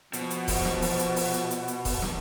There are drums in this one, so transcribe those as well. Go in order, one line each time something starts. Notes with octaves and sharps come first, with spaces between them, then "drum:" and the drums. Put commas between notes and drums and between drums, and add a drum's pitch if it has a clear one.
B2 F3, drum: hi-hat
drum: hi-hat
drum: kick D#1, open hi-hat
drum: snare
drum: open hi-hat
drum: hi-hat
drum: open hi-hat
drum: hi-hat
drum: hi-hat
drum: hi-hat
drum: kick D#1, open hi-hat
drum: snare